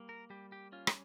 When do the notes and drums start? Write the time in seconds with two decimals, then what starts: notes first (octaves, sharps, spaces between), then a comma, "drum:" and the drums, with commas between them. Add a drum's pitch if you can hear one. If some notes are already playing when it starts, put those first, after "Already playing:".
Already playing: G3 A#3
0.09 A#4
0.30 G3 G4
0.52 G4
0.72 C#4 F4
0.87 drum: rim click